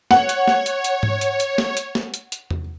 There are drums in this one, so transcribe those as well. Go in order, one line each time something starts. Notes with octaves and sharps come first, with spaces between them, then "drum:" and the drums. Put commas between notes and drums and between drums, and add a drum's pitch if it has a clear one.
C#5 F#5, drum: snare
drum: hi-hat
drum: snare
drum: hi-hat
drum: hi-hat
drum: tom G#2
drum: hi-hat
drum: hi-hat
drum: snare
drum: hi-hat
drum: snare
drum: hi-hat
drum: hi-hat
drum: tom E2